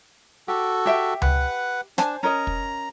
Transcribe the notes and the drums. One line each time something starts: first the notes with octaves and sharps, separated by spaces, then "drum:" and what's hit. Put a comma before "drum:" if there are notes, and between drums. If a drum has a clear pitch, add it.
F#4 G4 A4
G4 E5 G5
B4 F#5, drum: tom C#2
D4 C5 G#5 A5, drum: snare
C#4 A#4 D#5 A#5
drum: kick